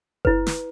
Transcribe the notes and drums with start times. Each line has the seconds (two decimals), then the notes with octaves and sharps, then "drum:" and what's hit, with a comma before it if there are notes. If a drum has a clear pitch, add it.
0.25 E4 B4, drum: kick F#1
0.46 drum: snare